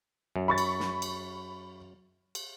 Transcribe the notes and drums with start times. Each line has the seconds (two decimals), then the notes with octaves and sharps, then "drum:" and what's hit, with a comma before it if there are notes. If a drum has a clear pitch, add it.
0.36 F#2
0.48 B5 C#6 A6
0.58 drum: cymbal
0.80 drum: snare
1.02 drum: cymbal
2.35 drum: cymbal